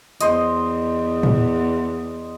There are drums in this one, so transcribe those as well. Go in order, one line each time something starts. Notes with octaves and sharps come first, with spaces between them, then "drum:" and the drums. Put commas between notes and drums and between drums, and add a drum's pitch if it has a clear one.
E2 C5 D#5, drum: hi-hat
drum: tom A2